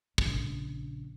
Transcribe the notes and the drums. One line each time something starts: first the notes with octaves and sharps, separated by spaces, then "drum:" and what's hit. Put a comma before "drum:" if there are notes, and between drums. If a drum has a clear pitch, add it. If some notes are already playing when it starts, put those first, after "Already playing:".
A#1 C#3, drum: kick